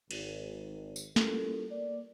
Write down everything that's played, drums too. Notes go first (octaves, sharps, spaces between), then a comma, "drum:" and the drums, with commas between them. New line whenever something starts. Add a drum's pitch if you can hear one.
G#1, drum: cymbal
drum: tambourine
G3 A#3 C#4 E4 F4 A4, drum: snare
A#3 D5